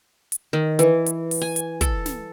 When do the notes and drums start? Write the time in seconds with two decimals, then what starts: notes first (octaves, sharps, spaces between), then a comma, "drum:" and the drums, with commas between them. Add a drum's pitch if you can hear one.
0.32 drum: hi-hat
0.53 D#3
0.79 E3, drum: hi-hat
1.06 drum: hi-hat
1.31 drum: open hi-hat
1.42 G#5
1.56 drum: hi-hat
1.81 A4, drum: kick, hi-hat
2.06 drum: snare